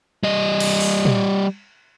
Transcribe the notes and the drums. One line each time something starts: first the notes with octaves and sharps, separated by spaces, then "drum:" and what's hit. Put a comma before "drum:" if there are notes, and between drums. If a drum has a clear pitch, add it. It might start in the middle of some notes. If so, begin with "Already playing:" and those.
G3 D#5
drum: cymbal
drum: open hi-hat
drum: tom